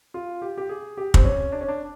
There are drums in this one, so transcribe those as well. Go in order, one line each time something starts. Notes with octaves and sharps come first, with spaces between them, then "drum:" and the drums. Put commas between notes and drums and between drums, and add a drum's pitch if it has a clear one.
F4
G4
G4
G#4
G4
C4, drum: kick
C#4
D4
C#4
D4